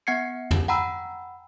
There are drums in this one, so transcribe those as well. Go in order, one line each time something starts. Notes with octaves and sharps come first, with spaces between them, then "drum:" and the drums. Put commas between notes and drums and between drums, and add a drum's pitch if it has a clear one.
B3 F#5 G#6 C7 C#7
drum: tom
F#5 G5 A#5 B5 E6